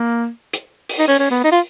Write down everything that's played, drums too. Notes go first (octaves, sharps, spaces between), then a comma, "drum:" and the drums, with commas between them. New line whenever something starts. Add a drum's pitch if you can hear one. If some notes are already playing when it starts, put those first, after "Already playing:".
Already playing: A#3
drum: hi-hat
drum: open hi-hat
D#4
C#4
C#4
B3
D#4
F4